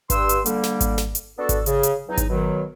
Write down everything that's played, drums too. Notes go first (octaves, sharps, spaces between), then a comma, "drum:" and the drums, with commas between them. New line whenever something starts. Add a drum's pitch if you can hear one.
G2 C6 E6, drum: kick G#1, hi-hat
drum: hi-hat
D3 G3 A#3, drum: hi-hat
drum: snare
drum: kick G#1, hi-hat
drum: snare
drum: hi-hat
B3 D4 F#4 A4
drum: kick G#1, hi-hat
C#3, drum: hi-hat
drum: hi-hat
E2 F#3 D#4
drum: kick G#1, hi-hat
B2 D#3 F#3